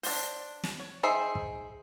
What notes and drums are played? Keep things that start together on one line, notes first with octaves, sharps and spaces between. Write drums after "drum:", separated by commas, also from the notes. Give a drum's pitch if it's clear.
D4 C5, drum: open hi-hat
drum: snare
C#5
D#4 G#4 C5 E5 G5
drum: kick